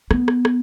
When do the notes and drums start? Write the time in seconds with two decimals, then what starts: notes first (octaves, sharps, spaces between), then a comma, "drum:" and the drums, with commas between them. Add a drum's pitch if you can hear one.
0.11 B3, drum: rim click
0.28 drum: rim click
0.45 drum: rim click